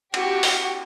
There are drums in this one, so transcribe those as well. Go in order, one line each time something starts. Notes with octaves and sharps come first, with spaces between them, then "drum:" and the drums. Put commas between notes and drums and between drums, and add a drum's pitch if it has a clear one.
F#4 G4, drum: cymbal
drum: open hi-hat